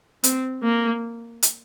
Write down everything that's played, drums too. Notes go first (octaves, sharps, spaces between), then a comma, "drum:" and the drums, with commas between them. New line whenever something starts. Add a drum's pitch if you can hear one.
C4, drum: hi-hat
A#3
drum: hi-hat